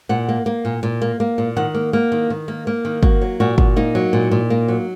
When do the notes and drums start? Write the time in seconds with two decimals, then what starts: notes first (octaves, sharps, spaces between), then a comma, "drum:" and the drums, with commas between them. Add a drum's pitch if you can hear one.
0.09 A#2 F#5
0.29 A#3
0.46 A#3
0.65 A#2
0.83 A#2
1.02 A#3
1.20 A#3
1.38 A#2
1.56 D#3 F#5
1.74 A#3
1.93 A#3
2.12 D#3
2.30 D#3
2.48 A#3
2.67 A#3
2.85 D#3
3.03 A#3 F#4, drum: kick
3.22 F#3
3.40 A#2 F#4
3.58 A#2, drum: kick
3.76 A#3 D#4
3.95 F#3
4.13 A#2
4.31 A#2
4.50 A#3
4.68 F#3